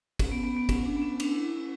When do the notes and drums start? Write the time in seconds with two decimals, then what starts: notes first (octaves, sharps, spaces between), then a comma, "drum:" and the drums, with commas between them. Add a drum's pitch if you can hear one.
0.19 C#4, drum: kick, cymbal
0.32 B3
0.44 B3
0.57 B3
0.69 C#4, drum: kick, cymbal
0.86 D4
0.96 B3
1.02 C#4
1.20 D4, drum: cymbal
1.31 E4
1.44 E4
1.57 C#4